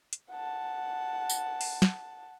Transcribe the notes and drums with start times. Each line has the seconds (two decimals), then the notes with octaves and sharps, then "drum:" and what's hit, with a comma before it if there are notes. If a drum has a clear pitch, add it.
0.13 drum: hi-hat
0.30 F#5 A5
1.29 drum: tambourine
1.61 drum: open hi-hat
1.82 drum: snare